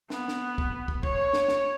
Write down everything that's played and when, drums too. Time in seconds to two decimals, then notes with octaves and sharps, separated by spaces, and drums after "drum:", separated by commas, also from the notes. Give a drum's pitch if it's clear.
0.10 B3, drum: snare
0.28 drum: snare
0.58 drum: kick
0.88 drum: kick
1.03 C#5, drum: kick
1.33 drum: snare
1.48 drum: snare